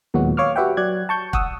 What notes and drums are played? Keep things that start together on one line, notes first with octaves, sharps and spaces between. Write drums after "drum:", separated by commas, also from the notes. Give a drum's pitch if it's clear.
D#2 A#2 F#3 G#3 B3 F#4
C#5 F5 C#6 D6 E6 F6
F#4 G4 B4 E5 F#5 G5
F#3 D5 F#6 G#6
A5 C#6 G6
F#5 C#6 D#6 E6, drum: kick